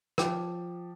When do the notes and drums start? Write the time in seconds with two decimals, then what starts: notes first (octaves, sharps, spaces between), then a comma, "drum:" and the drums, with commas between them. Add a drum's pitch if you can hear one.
0.18 F3 G5 D6, drum: rim click